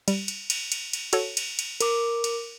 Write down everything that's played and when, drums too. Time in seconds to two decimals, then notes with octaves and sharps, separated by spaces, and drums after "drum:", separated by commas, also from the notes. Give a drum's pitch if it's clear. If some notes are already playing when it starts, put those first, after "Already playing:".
0.08 G3, drum: cymbal
0.28 drum: cymbal
0.50 drum: cymbal
0.72 drum: cymbal
0.93 drum: cymbal
1.13 F#4 A4 C#5, drum: cymbal
1.37 drum: cymbal
1.59 drum: cymbal
1.81 A#4 D6, drum: cymbal
2.24 drum: cymbal